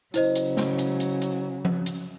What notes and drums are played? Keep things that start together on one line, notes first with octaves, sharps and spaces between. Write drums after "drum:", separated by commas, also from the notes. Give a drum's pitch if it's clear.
C#3 F#3 E4 C5 D#5, drum: hi-hat
drum: hi-hat
drum: snare
drum: hi-hat
drum: hi-hat
drum: hi-hat
drum: tom F3
drum: hi-hat